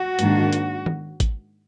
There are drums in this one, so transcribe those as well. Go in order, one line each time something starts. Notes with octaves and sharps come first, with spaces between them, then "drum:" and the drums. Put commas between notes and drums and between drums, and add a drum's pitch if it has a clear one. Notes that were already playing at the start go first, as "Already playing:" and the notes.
Already playing: F#4
G#2 D#3 A#3 D4, drum: hi-hat
drum: hi-hat
drum: tom D#3
drum: kick G#1, hi-hat